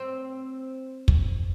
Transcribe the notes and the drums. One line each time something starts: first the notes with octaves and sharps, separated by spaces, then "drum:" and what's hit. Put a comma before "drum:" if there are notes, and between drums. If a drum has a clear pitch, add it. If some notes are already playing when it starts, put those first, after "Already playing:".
Already playing: C4
drum: kick